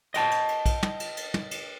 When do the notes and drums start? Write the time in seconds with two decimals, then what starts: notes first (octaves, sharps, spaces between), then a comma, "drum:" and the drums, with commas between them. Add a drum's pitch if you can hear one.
0.14 D#5 G5 A5, drum: cymbal
0.31 drum: cymbal
0.48 drum: cymbal
0.66 drum: kick, cymbal
0.83 drum: tom
1.00 drum: cymbal
1.17 drum: cymbal
1.34 drum: tom
1.51 drum: cymbal